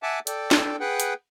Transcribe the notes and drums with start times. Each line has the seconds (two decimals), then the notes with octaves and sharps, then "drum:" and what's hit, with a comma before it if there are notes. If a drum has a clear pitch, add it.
0.03 E5 F#5 G#5 A5 D6
0.27 A4 D5 G5, drum: hi-hat
0.51 drum: snare
0.80 G#4 B4 F#5 G5
1.00 drum: hi-hat